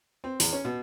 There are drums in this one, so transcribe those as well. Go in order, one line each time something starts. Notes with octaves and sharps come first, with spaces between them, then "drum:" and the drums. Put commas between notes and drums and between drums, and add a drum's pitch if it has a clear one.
C4
E2, drum: open hi-hat
C#4
B2